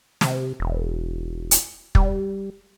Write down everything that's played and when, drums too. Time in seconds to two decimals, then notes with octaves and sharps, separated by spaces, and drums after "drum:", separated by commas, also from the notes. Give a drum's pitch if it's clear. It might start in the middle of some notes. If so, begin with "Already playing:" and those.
0.21 C3, drum: snare
0.60 E1
1.51 drum: hi-hat
1.95 G3, drum: kick